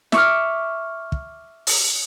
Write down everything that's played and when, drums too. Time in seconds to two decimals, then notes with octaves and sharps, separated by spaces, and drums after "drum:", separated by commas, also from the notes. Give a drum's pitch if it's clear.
0.12 E5 C#6 D6 F6, drum: snare
1.12 drum: kick
1.67 drum: open hi-hat